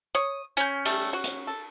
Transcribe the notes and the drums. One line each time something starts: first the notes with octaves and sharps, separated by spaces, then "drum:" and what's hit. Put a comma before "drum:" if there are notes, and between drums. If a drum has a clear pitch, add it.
C#5 D#6
C#4 G#5 G6
G3 A3 G4, drum: cymbal
F#4
drum: hi-hat
A4